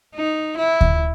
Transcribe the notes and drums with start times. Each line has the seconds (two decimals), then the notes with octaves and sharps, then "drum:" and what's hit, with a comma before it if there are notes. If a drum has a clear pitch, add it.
0.15 D#4
0.58 E4
0.81 drum: kick D2